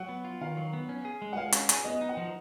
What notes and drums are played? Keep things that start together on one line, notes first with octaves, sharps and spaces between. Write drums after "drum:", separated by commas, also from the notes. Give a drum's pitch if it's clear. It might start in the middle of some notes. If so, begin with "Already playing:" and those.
Already playing: F#3 F#5
B3
F4
D#3 F5
F#3
B3
C#4
G#4
G#3
F#5
G#3 F5
C#4, drum: hi-hat
G#4, drum: hi-hat
B3 D#5
D#4
F#5
F3